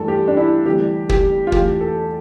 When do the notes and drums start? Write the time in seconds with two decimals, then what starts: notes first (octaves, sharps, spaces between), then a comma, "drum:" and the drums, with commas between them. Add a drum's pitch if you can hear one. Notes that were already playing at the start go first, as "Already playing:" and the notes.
Already playing: G2 E3 A3 A4
0.08 G4
0.28 D4
0.37 E4
0.66 D2 C3 E3 G3 G4
1.09 G4, drum: kick
1.47 F4
1.52 E2 E3 A3 G4, drum: kick
1.81 A4